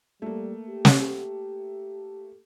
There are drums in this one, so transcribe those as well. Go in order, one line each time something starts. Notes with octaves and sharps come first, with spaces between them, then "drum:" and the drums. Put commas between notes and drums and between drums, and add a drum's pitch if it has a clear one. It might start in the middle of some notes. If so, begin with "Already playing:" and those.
G3 A3 A#3
G4
drum: snare